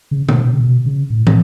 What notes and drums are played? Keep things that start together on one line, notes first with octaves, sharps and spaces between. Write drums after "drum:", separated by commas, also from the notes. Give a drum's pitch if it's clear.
C#3
B2, drum: tom C3
B2
C#3
B2
C#3
A2
A2, drum: tom